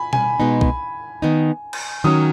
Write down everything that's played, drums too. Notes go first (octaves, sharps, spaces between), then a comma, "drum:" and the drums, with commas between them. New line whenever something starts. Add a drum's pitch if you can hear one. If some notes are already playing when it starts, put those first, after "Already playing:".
Already playing: G#5 B5
G#5, drum: tom
B2 G#3 B3 D#4
drum: kick
D#3 B3 D#4
drum: cymbal
D#3 F#3 C#4 D#6